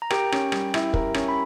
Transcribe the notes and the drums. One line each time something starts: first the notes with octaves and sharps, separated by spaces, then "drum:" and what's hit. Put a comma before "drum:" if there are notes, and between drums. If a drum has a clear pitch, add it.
A#5
G4 A#4 G5, drum: rim click
C#4, drum: rim click
G3, drum: rim click
E4, drum: rim click
A#4, drum: kick
C#4, drum: rim click
B5